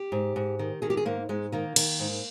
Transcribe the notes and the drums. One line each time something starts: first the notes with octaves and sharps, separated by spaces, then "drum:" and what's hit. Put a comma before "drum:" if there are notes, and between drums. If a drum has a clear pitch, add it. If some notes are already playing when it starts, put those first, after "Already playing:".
Already playing: G4
G#2
G#2
D#3
D#3 G#4
G4
G#4
G#2 A#3
G#2 G#3
D#3 A#3
D#3, drum: cymbal
G#2